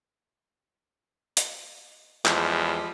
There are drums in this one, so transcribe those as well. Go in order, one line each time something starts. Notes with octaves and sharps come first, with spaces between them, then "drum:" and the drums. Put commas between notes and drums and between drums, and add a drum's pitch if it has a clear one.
drum: hi-hat
E2 F3 G3 G#3, drum: clap